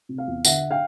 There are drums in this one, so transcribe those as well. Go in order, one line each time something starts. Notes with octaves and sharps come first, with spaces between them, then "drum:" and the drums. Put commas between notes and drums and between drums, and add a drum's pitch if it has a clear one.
C3
F5
E2
D3 E5 F#5, drum: tambourine
F5 G5